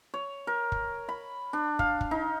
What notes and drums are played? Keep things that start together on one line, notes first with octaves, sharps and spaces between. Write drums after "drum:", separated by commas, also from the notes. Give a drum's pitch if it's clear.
C#5
A#4
drum: kick
B5
D4
F5, drum: kick
drum: kick
D#4